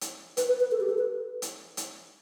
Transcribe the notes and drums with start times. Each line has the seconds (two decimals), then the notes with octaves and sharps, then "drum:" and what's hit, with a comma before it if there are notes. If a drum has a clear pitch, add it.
0.01 drum: hi-hat
0.37 B4, drum: hi-hat
0.48 B4
0.60 B4
0.71 A4
0.80 G4
0.89 A4
0.98 B4
1.42 drum: hi-hat
1.77 drum: hi-hat